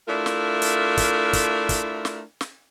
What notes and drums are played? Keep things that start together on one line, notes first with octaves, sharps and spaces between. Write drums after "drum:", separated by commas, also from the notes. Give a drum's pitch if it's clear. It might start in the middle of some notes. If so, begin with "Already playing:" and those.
A3 D4 E4 F4 A#4
drum: snare
drum: hi-hat
drum: kick, hi-hat
drum: kick, hi-hat
drum: kick, hi-hat
drum: snare
drum: snare